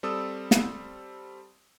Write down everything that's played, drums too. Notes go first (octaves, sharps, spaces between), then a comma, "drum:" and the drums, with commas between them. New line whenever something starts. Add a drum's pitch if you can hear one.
G3 C4 A4 D5 D#6 E6
drum: snare